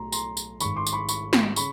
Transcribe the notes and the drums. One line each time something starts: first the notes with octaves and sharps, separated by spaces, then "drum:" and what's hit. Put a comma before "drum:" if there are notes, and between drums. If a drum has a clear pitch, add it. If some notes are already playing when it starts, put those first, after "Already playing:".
Already playing: B1 A2 F#3 A3 A#5 C6
A#5 C6, drum: tambourine
drum: tambourine
G#1 G#2 D#3 B5 C#6, drum: tambourine
C6 D6
C6, drum: tambourine
B5 C#6
B5 C#6, drum: tambourine
drum: snare
C#3 B5 C#6, drum: tambourine